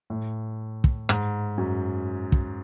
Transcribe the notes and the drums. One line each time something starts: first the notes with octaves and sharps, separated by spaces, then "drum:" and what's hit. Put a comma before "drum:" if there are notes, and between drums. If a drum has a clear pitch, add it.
A2
drum: kick
G#2, drum: rim click
F#2
drum: kick